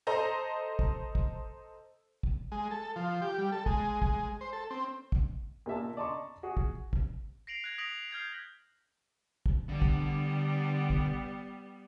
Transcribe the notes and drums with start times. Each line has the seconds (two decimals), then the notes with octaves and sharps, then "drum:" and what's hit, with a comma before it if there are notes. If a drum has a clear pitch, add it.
0.07 A4 C5 D#5 A#5
0.79 drum: kick
1.15 drum: kick
2.23 drum: kick
2.52 G#3
2.71 A4
2.96 F3
3.22 G4
3.38 G3
3.52 A4
3.66 G#3, drum: kick
4.02 G#3, drum: kick
4.41 C5
4.53 A4
4.71 C4
5.12 drum: kick
5.66 A#2 A#3 E5 A5
5.97 D5 D#5 A5 A#5 C6 C#6
6.43 F#4 G#4
6.57 drum: kick
6.93 drum: kick
7.47 A#6 C7 D7 F7 F#7
7.64 F#6 G#6 A#6
7.78 D#6 A#6 B6 D7 F7 F#7
7.92 F7
8.11 F6 G6 G#6 C7
9.46 drum: kick
9.69 D3 G3 B3
9.82 drum: kick
10.90 drum: kick